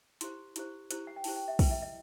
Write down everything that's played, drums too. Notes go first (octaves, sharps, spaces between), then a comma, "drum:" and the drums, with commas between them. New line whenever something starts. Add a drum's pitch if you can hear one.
E4 G4 C5 C6, drum: hi-hat
E4 G4 C5, drum: hi-hat
E4 G4 C5, drum: hi-hat
F#5
G5
E4 G4 C5 A5, drum: open hi-hat
G5
E5
E4 B4 G5, drum: kick, open hi-hat
E5
D#5